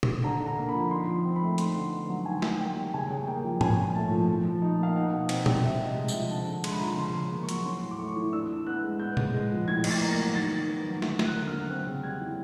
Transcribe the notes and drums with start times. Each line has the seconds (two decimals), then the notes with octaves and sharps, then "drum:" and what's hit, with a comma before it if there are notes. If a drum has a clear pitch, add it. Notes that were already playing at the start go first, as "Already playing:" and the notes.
0.03 drum: tom A#2
0.24 D3 A#5
0.40 D3
0.46 A#5
0.58 A#3
0.69 B5
0.74 F3
0.91 D#4 C6
1.08 F3
1.25 C4
1.36 B5
1.42 A3
1.58 D#4 C6, drum: hi-hat
1.76 D3
1.92 B3
2.09 F#3
2.26 D#3 G#5
2.42 D#3, drum: snare
2.60 A#3 G5
2.76 G3
2.94 C#3 G#5
3.10 C#3
3.27 A#3 G5
3.44 F3
3.61 C#4 G#5, drum: tom G#2
3.77 A#2
3.95 A3 A5
4.11 F3
4.28 F3
4.45 F3
4.62 D#4
4.79 A#3 F5
4.95 D#4 F#5
5.13 B2
5.29 C4, drum: cymbal
5.46 G3, drum: tom A#2
5.63 C4 E5
5.80 C3
5.85 D#5
5.97 G#3
6.08 E5, drum: tambourine
6.13 F3
6.30 D3 A5
6.47 D3
6.64 G#3 C6, drum: cymbal
6.71 B5
6.79 F3 A#5
6.87 B5
6.97 C#3 C6
7.14 C#3
7.20 C6
7.32 A#3
7.43 C#6
7.49 F#3, drum: hi-hat
7.65 C#4 C6
7.82 A2
7.91 D6
7.99 A3 C#6
8.16 E3
8.33 D4 E6
8.50 E3
8.66 B3 F#6
8.83 G#3
9.00 B3 G6
9.17 C#3, drum: tom A#2
9.34 G#3
9.51 F3
9.68 A2 G#6
9.84 A2, drum: cymbal
9.90 A6
10.02 A#3
10.13 A#6
10.18 F#3
10.35 D#3 A6
10.52 D#3
10.69 B3
10.86 F#3
11.02 D3, drum: snare
11.19 D3, drum: snare
11.25 F#6
11.36 A#3
11.47 F6
11.53 F#3
11.70 C4 F#6
11.87 C#3
12.03 G3 G#6
12.21 E3